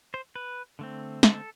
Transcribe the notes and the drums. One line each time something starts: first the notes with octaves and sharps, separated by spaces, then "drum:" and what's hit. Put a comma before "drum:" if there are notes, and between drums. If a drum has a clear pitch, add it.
C5
B4
D3 A3 C4
A4, drum: snare